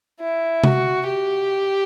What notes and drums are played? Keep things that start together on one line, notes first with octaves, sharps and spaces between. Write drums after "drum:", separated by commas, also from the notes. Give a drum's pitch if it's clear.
E4
F#4, drum: tom C3
G4